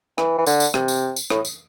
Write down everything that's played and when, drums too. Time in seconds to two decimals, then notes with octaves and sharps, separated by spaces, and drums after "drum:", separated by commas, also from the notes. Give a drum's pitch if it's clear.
0.18 E3, drum: rim click
0.38 E3
0.46 D3, drum: tambourine
0.60 drum: tambourine
0.74 C3, drum: rim click
0.88 drum: tambourine
1.16 drum: tambourine
1.30 A2, drum: rim click
1.45 drum: tambourine